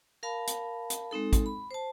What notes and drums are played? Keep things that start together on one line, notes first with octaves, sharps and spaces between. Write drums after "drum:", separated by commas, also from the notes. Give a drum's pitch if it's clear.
A#4 F5 A5 B5
drum: hi-hat
drum: hi-hat
G#3 C4 D#4 A4
drum: kick A1, hi-hat
B5
C5 A5